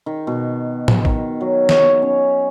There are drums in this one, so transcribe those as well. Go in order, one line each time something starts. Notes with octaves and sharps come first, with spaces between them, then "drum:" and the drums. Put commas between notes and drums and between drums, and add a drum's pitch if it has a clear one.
D#3
B2
drum: tom A2
D#3, drum: kick A1
F#3
C#5, drum: snare
C#4